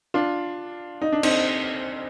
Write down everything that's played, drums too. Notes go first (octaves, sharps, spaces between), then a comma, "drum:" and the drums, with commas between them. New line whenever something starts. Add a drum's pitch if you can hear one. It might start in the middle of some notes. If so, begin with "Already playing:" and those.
D4 F4
D#4
D4
C4 D#4, drum: cymbal